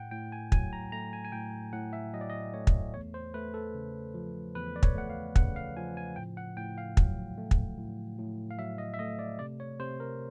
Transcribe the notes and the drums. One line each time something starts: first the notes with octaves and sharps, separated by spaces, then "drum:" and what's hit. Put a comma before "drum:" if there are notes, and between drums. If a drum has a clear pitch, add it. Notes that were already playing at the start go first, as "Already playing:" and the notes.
Already playing: A2 F#5 G5
A2 G5
G#5
F#3 G#5, drum: kick
A#5
A3 A#5
G#5
G#5
A2 G5
A2 F#5
E5
F#3 D#5
D5
D#5
A3 C#5
drum: kick
E2 C#5
C5
A3 B4
A4
C#3
F3
E2 B4
D5
C#5, drum: kick
A3 F#5
F5
C#3 F#5, drum: kick
F5
F3 G#5
G#5
A2 G5
F#5
A2 G5
F5
F#3, drum: kick
A3
drum: kick
A2
A2
F5
F#3 E5
D#5
E5
A3 D#5
D5
C3 D5
C#5
C3 C5
A#4